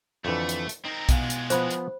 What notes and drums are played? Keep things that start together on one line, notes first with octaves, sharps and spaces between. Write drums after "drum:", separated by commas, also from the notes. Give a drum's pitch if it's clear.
F2 D3 E3 A3
drum: hi-hat
drum: hi-hat
C4 D#4 A#4
B2 E3 G#3 F4, drum: kick B1, hi-hat
drum: hi-hat
F3 B3 C5 B5, drum: hi-hat
drum: hi-hat